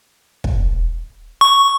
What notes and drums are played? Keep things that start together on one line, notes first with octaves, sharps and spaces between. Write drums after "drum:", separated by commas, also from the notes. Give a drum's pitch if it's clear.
drum: kick
C#6